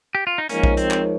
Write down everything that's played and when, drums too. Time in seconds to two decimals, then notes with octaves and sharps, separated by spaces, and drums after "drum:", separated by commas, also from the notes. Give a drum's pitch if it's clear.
0.15 G4
0.27 F4
0.38 D#4
0.49 F3 G#3 A#3 C#4 D#4 A#4 C#5, drum: hi-hat
0.63 drum: kick A#1
0.77 C4, drum: hi-hat
0.90 drum: clap